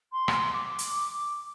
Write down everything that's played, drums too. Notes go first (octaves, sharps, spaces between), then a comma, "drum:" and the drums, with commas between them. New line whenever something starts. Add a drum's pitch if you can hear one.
C6
drum: rim click
D6
drum: hi-hat
D6